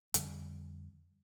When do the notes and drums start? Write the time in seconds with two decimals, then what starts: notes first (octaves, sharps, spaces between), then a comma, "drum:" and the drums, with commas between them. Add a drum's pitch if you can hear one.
0.14 F2 D3 G3, drum: hi-hat